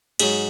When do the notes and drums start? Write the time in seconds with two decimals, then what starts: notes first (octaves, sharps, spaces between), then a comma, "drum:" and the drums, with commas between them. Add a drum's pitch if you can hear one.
0.19 G#2 F#3 G#4, drum: cymbal